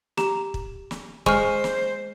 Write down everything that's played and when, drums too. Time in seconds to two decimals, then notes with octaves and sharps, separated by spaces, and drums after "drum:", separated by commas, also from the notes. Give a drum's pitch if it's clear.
0.17 G4 A#5 E7, drum: snare
0.54 drum: kick
0.91 drum: snare
1.26 G#3 C5 C#6 F6, drum: kick
1.64 drum: snare